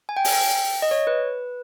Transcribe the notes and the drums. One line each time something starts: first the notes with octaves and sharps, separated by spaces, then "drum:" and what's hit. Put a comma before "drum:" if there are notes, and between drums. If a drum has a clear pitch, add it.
G#5
G5
G#5, drum: open hi-hat
G5
D#5
C#5
B4